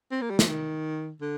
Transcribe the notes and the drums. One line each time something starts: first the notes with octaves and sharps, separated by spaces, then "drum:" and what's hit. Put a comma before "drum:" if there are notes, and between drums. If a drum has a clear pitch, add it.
C4
A#3
G3
F3, drum: snare
D#3
D3